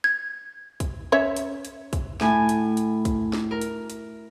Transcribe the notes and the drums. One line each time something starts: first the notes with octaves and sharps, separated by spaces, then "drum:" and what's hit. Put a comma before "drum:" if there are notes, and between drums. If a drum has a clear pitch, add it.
G#6
drum: kick, hi-hat
C#4 C#5 E5
drum: hi-hat
drum: hi-hat
drum: kick, hi-hat
A2 G#5, drum: snare
drum: hi-hat
drum: hi-hat
drum: kick, hi-hat
drum: snare
A#4
drum: hi-hat
drum: hi-hat